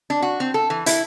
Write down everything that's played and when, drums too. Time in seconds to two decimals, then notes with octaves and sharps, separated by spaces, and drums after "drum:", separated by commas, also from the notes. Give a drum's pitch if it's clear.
0.10 D4
0.22 F#4
0.40 C4
0.54 A4
0.70 E3
0.86 E4, drum: hi-hat